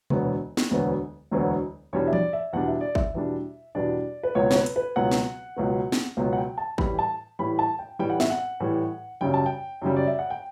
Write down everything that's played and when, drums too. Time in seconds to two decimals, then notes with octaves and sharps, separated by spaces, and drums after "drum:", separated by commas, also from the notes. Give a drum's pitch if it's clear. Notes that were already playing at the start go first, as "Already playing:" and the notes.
0.10 E1 D2 D3 F#3 B3, drum: tom B2
0.57 drum: snare
0.71 E1 D2 D3 F#3 B3
1.31 E1 D2 D3 F#3 B3
1.93 E2 B2 G3 D4 C#5
2.07 E5
2.13 D5, drum: tom E3
2.33 E5
2.53 E2 B2 G3 D4 F#5
2.68 E5
2.81 D5
2.95 E5, drum: kick
3.14 E2 B2 G3 D4
3.75 E2 B2 G3 D4 D5
4.23 B4
4.35 C#2 B2 F#3 B3 C#5
4.51 C#5, drum: snare
4.55 B4
4.66 drum: hi-hat
4.76 B4
4.96 C#2 B2 F#3 B3 F#5
5.11 drum: snare
5.56 C#2 B2 F#3 B3
5.92 drum: snare
6.17 C#2 B2 F#3 B3
6.33 F#5
6.38 G5
6.58 A5
6.78 A2 E3 G3 B5, drum: kick
6.99 A5
7.39 A2 E3 G3 B5
7.59 A5
7.79 G5
7.99 A2 E3 G3 G5
8.10 F#5
8.20 E5, drum: snare
8.30 F#5
8.60 A2 E3 G3
9.21 F#2 C#3 G3 G5
9.34 A5
9.46 G5
9.82 F#2 C#3 G3
9.97 D5
10.07 E5
10.19 F#5
10.30 G5